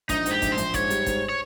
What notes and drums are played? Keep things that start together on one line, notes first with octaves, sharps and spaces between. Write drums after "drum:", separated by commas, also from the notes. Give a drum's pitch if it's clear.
A#1 D#4, drum: kick G1, hi-hat
G#2, drum: hi-hat
G4
A#1, drum: kick G1, hi-hat
C5
A#1, drum: hi-hat
G#2 C#5, drum: kick G1, hi-hat
G3, drum: hi-hat
G#2, drum: kick G1, hi-hat
C#5